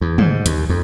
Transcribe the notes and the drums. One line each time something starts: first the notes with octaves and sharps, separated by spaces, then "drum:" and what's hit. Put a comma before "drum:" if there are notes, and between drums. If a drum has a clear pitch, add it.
E2
G#2, drum: tom
D#2, drum: hi-hat
F2